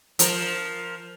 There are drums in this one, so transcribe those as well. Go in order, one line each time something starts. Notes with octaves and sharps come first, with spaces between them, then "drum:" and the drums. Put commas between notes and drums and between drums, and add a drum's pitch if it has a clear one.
F3 A#4, drum: hi-hat